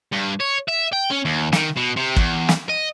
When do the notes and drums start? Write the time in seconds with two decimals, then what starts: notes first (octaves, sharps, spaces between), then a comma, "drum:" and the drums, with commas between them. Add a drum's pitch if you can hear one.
0.12 G2
0.40 C#5
0.68 E5
0.93 G5
1.11 C#4
1.25 D#2
1.53 D#3, drum: snare
1.77 B2
1.96 C3
2.16 E2, drum: kick
2.49 drum: snare
2.69 D#5